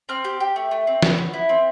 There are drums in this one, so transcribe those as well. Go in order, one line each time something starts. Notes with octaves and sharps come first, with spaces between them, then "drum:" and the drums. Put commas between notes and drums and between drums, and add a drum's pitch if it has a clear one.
C4 F6
G4
G4
A3
A3
C4
B3, drum: snare
B3
E4
C4